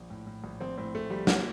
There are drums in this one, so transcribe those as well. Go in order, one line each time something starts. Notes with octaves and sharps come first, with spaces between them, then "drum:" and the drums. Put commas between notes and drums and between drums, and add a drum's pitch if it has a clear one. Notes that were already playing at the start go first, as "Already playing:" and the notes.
Already playing: A#1
A2
A2
A#1
A#1 C4
A2 C4
A2 A3
A#1 G3
A#3, drum: snare